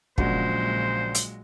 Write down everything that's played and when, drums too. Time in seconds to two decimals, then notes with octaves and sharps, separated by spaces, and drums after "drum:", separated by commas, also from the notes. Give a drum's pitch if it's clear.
0.18 A#1 A#2 C#3 F#3 G#3 F#4 C5, drum: kick
1.15 drum: hi-hat